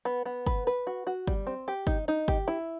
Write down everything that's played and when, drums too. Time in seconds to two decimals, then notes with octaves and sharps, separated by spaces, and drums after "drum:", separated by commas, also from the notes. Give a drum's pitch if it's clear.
0.05 B3
0.26 B3
0.47 B4, drum: kick G1
0.67 B4
0.87 F#4
1.07 F#4
1.27 G3, drum: kick G1
1.47 C4
1.68 G4
1.87 D#4, drum: kick G1
2.08 D#4
2.28 G4, drum: kick G1
2.48 E4